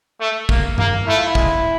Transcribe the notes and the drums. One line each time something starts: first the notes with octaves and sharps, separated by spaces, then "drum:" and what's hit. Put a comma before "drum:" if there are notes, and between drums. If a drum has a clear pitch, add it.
A3
A#3, drum: kick
A#3, drum: tom G2
A3 E4
F4
E4
G#3, drum: kick